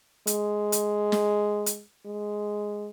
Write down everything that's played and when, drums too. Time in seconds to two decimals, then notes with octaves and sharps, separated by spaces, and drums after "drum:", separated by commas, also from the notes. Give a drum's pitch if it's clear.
0.27 G#3, drum: hi-hat
0.72 drum: hi-hat
1.12 drum: snare
1.66 drum: hi-hat
2.06 G#3